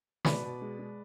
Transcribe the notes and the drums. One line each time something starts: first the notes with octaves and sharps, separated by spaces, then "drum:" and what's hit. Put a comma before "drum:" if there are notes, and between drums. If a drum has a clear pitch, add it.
B2 B4 D5, drum: snare
B2
G#3
G#3